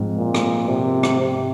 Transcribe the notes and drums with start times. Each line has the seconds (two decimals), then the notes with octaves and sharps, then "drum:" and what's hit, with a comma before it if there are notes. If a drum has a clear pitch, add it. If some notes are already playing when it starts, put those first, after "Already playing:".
Already playing: G#2 F3 C4 F4
0.17 A#2
0.35 drum: rim click
0.68 C3
1.03 drum: rim click
1.21 C3